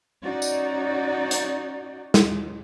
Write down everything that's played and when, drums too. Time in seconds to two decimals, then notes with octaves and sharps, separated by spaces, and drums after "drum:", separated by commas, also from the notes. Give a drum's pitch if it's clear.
0.23 C#4 D#4 F#4 D5
0.42 drum: tambourine
1.31 drum: hi-hat
2.14 drum: snare